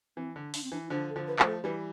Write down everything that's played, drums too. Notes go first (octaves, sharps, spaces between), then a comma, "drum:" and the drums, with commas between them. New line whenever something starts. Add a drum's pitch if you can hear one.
E3 C4
D3
D4, drum: open hi-hat
C4
E3 D4
E4
D3 F3 D4
A4
D3 F3
B4
F3 A3, drum: clap
A4
E3 G3 B4